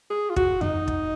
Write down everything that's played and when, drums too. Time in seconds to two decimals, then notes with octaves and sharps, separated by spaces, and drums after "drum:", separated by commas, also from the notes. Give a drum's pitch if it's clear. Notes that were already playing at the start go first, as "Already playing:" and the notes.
0.10 G#4
0.30 F4
0.36 F#4, drum: kick
0.61 D#4, drum: tom F2
0.88 drum: kick